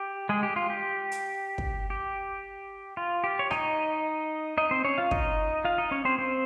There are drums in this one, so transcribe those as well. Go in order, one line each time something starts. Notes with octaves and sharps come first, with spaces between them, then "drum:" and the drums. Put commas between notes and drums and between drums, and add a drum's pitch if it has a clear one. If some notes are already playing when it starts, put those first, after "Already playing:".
Already playing: G4
G#3 G#4
G4
F4
G4
drum: hi-hat
drum: kick
G4
F4
G4
C#5
D#4 D#5, drum: rim click
D#4 D#5
C4 C5
C#4 C#5
F4 F5
D#4 D#5, drum: kick
F4 F5
D#4 D#5
C#4 C#5
C4 C5
C4 C5